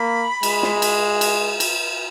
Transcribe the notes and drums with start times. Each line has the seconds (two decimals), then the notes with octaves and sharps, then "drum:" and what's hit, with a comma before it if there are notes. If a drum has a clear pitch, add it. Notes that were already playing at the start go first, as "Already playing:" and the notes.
Already playing: A#3 B5
0.43 G#3, drum: cymbal
0.63 drum: snare
0.82 drum: cymbal
1.21 drum: cymbal
1.60 drum: cymbal